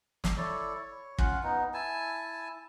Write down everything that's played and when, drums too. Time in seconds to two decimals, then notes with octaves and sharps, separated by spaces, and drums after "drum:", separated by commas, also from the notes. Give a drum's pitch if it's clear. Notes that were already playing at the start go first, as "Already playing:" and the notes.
0.24 drum: snare
0.37 E4 A4 C#5 D5
0.75 C#5
1.18 C#4 F4 F5 F#5, drum: kick
1.43 B3 D#4
1.74 E4 G#5 A5